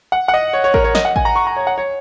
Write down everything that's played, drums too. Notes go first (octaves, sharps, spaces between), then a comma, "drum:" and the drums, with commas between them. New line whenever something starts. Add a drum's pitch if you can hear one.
F#5
F#5
D#5
C#5
C#5
A#4, drum: kick A1
C#5
D#5, drum: snare
F#5
G#5, drum: kick A1
A#5
C#6
A#5
C#5
F#5
C#5